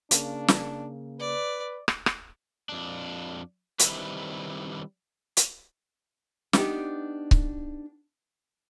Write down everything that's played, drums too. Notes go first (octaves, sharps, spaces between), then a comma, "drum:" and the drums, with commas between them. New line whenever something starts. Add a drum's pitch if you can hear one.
C#3 A#3 D4, drum: hi-hat
drum: snare
B4 D5
drum: rim click
drum: rim click
F2 D4
D#3 G3 C4 D4 E4 B4, drum: hi-hat
drum: hi-hat
B3 D4 D#4 G4, drum: snare
drum: kick C#1